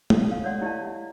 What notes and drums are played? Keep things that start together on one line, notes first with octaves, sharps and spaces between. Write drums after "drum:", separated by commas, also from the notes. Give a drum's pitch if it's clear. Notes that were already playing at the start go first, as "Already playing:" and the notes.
A4, drum: tom
F5
C#5 D5 F#5 C6
E4 G4 D5 D#5 F5 A5
E5